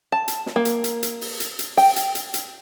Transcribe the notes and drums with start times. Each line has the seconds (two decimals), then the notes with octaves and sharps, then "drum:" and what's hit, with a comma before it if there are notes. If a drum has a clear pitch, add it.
0.12 A5
0.28 drum: hi-hat
0.46 drum: snare
0.56 A#3
0.65 drum: hi-hat
0.84 drum: hi-hat
1.03 drum: hi-hat
1.21 drum: open hi-hat
1.40 drum: hi-hat
1.59 drum: hi-hat
1.77 G5, drum: open hi-hat
1.96 drum: hi-hat
2.15 drum: hi-hat
2.34 drum: hi-hat